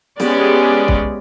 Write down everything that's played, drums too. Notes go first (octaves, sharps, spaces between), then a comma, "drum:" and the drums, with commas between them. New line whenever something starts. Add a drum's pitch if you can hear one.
G#3 B3 C#4 G4 G#4 D5, drum: snare
drum: kick